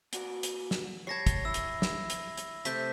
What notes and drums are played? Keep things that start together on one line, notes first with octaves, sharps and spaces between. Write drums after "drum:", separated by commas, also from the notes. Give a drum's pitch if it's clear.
A#2 F#4 D5, drum: hi-hat
drum: hi-hat
drum: snare
G3 C#5 A5 G#6 A#6 C7
drum: kick, hi-hat
E4 E6
drum: hi-hat
drum: snare
drum: hi-hat
drum: hi-hat
C3 A3 A4 G6 B6, drum: hi-hat